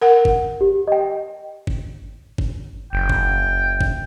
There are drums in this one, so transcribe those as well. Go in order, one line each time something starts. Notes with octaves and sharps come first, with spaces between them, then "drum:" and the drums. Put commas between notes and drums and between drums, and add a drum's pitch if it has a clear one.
A#4 F#5
drum: kick G1
G4
D#5 G5
drum: kick G1
drum: kick G1
F#1 G5
drum: kick G1
drum: kick G1